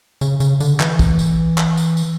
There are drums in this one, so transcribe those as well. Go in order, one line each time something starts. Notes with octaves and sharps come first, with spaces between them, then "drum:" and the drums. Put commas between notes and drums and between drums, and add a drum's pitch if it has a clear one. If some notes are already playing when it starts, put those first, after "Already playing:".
C#3, drum: tambourine
C#3, drum: tambourine
D3, drum: tambourine
E3, drum: clap
drum: kick, tambourine
drum: tambourine
drum: clap
drum: tambourine
drum: tambourine